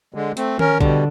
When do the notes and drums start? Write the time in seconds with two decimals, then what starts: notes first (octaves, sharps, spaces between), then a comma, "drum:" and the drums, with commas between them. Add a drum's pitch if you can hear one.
0.14 D3 G#3
0.37 A3 C4, drum: hi-hat
0.59 C#4 A#4, drum: tom D#3
0.80 B2 D3 G3, drum: kick A#1